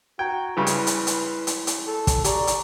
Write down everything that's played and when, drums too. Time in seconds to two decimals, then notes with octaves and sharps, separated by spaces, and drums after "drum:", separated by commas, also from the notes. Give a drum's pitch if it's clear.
0.19 F#4 G5 A#5 G#6
0.57 G2 C#3 E4 B4 C6
0.67 drum: hi-hat
0.87 drum: hi-hat
1.07 drum: hi-hat
1.47 drum: hi-hat
1.67 drum: hi-hat
1.87 A4
2.07 drum: kick, hi-hat
2.24 G4 D5 A#5 C#6, drum: hi-hat
2.47 drum: hi-hat